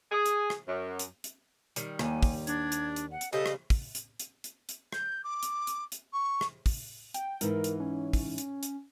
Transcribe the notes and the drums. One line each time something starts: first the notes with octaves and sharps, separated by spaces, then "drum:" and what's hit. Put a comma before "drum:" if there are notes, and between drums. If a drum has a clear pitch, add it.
G#4
drum: hi-hat
drum: rim click
F#2
drum: hi-hat
drum: hi-hat
D#3 G3, drum: hi-hat
D#2 G#5, drum: rim click
drum: kick, open hi-hat
D4 G#6, drum: hi-hat
drum: hi-hat
drum: hi-hat
F#5
drum: hi-hat
C#3 G3 C4 A4 D#5
drum: rim click
drum: kick, open hi-hat
drum: hi-hat
drum: hi-hat
drum: hi-hat
drum: hi-hat
G6, drum: rim click
D6
drum: hi-hat
drum: hi-hat
drum: hi-hat
C#6
drum: rim click
drum: kick, open hi-hat
G5, drum: hi-hat
G#2 E3 A#4, drum: hi-hat
drum: hi-hat
C#4
drum: kick, open hi-hat
drum: hi-hat
drum: hi-hat